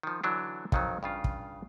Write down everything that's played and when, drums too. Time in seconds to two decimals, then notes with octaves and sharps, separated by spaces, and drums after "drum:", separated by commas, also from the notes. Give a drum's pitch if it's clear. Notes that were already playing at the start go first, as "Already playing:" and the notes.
0.03 D#3 F3
0.24 D3 E3 F#3 D4
0.72 F2 D#3 F#3, drum: kick
1.03 G2 C#3 F4
1.24 drum: kick